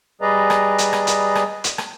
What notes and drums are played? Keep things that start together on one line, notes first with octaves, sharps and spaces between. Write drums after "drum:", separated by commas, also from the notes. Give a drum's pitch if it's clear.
G3 G#4 B4 D5 D#5 A#5
drum: rim click
drum: hi-hat
drum: rim click
drum: hi-hat
drum: rim click
drum: hi-hat
drum: rim click